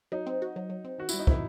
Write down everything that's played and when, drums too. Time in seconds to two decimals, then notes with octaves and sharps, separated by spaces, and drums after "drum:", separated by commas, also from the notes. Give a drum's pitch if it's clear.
0.12 F#3 D#4
0.26 C4
0.42 F#4
0.56 F#3
0.70 F#3
0.85 C4
0.99 D#3 F#4
1.09 G3 E4, drum: tambourine
1.19 D#4
1.27 C4 E4, drum: kick